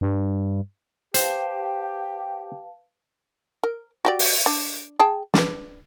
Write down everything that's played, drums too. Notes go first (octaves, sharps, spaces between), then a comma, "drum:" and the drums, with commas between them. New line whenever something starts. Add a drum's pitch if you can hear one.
G2
G4 B4 C5 F5 G5 A5, drum: hi-hat
A#4
F#4 G4 D5
drum: open hi-hat
D4
G#4 G5 A5
D4 B4, drum: snare